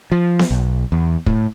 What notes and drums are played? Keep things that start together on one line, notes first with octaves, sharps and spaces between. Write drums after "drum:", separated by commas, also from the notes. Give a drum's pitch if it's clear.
F3
drum: snare B3
B1
E2
A2, drum: kick